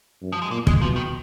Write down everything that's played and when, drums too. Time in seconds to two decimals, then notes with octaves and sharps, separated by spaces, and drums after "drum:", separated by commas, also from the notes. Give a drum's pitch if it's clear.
0.22 F#2
0.32 F3
0.42 G#3
0.51 A#2 A#3
0.67 G#3, drum: kick
0.80 B2 F3
0.96 D#3